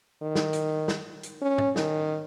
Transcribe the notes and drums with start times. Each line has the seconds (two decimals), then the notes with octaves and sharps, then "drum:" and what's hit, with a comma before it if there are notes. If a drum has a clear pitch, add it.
0.22 D#3
0.35 drum: snare
0.53 drum: hi-hat
0.88 drum: snare
1.23 drum: hi-hat
1.42 C#4
1.58 drum: tom
1.76 D#3, drum: snare